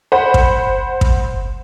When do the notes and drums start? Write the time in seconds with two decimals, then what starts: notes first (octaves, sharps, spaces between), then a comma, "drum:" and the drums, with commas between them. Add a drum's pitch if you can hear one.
0.12 C5 F#5 B5
0.34 drum: kick
1.01 drum: kick